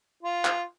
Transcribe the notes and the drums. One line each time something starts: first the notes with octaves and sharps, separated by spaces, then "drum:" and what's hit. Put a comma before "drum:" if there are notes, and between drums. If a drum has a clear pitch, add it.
F4
drum: clap